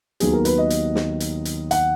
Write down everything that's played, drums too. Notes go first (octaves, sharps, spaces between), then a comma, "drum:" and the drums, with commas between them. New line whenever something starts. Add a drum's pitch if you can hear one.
D#2 D#3 F#3 B3 G#4, drum: hi-hat
A#4
B4, drum: hi-hat
D#5
drum: hi-hat
drum: snare
drum: hi-hat
drum: hi-hat
F#5, drum: hi-hat